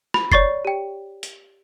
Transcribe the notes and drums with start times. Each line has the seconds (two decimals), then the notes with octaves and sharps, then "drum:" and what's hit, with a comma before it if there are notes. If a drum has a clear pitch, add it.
0.14 B5, drum: rim click
0.32 C#5 D5 C#6 A6 C7, drum: kick F#1
0.65 G4 G5
1.23 drum: hi-hat